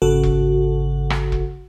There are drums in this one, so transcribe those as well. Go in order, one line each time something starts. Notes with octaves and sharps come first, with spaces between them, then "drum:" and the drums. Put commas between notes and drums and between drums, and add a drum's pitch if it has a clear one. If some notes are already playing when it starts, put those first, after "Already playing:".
G#1 C#3 F#4 A4 F#5
drum: kick E1
drum: rim click
drum: kick E1